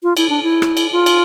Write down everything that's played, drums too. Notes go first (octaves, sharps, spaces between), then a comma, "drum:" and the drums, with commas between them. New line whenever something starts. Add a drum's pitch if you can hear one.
F4
E4, drum: cymbal
D4
E4
drum: rim click
drum: cymbal
F4
drum: cymbal